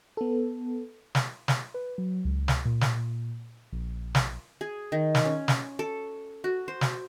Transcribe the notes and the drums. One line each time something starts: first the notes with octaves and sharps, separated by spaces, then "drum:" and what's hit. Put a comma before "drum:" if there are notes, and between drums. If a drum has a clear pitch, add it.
B3 A4
drum: snare
drum: snare
B4
F#3
C#2
drum: snare
A#2
drum: snare
A#1
drum: snare
G#4
D#3
drum: snare
C#4
drum: snare
A4
F#4
C5
drum: snare